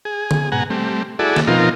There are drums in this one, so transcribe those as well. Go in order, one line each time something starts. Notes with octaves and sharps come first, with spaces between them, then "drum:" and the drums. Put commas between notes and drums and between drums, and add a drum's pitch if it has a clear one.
G#4
drum: tom D3
G#2 B2 F#5 G#5 A#5
G3 A3 C4
E4 F#4 G#4 A4 D5
drum: snare
B2 F3 C4 D#4 F4 A#4